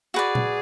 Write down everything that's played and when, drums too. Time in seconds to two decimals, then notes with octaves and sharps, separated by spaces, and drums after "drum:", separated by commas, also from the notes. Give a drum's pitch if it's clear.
0.14 F#4 G#4 B4 D5
0.35 drum: tom A#2